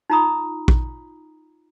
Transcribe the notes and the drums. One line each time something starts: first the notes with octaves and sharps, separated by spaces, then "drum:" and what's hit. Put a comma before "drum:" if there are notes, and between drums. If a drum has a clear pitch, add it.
D#4 F4 A#5 B5 D#6
drum: kick